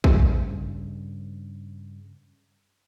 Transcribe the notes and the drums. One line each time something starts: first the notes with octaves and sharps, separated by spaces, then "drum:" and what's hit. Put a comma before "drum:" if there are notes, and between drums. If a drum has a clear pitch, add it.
G2 C#3, drum: kick